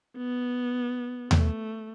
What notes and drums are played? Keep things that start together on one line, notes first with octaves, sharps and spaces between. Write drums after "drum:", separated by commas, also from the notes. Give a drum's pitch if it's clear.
B3
A3, drum: tom D#2